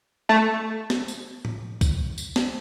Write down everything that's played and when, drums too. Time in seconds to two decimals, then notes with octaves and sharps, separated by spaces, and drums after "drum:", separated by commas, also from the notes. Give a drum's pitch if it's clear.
0.29 A3
0.90 drum: snare
1.08 drum: tambourine
1.45 drum: tom A2
1.81 drum: kick C2, tambourine
2.18 drum: tambourine
2.36 drum: snare